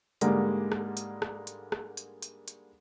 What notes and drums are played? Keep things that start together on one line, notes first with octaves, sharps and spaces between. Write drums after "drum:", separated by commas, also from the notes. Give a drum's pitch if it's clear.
G#2 D3 G3 G#3 A#3, drum: hi-hat
drum: rim click
drum: hi-hat
drum: rim click
drum: hi-hat
drum: rim click
drum: hi-hat
drum: hi-hat
drum: hi-hat